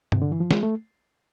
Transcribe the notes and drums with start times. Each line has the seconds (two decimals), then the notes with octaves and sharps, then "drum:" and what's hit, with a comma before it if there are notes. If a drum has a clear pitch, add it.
0.12 C3, drum: tom G2
0.22 D3
0.32 E3
0.40 F3
0.51 G#3, drum: snare
0.63 A3